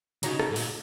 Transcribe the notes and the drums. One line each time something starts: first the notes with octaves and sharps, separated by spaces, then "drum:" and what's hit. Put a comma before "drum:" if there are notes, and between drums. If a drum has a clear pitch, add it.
C#3 D#4 F#4 C#5 A#5, drum: hi-hat
drum: rim click
G#2
A#2, drum: open hi-hat